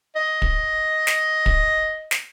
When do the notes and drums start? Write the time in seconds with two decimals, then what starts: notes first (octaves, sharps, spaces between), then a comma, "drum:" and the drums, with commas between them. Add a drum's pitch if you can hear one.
0.15 D#5
0.42 drum: kick
1.07 drum: snare
1.46 drum: kick
2.11 drum: snare